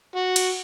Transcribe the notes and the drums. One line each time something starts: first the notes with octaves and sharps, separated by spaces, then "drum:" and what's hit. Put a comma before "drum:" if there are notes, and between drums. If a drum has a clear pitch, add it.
F#4
drum: cymbal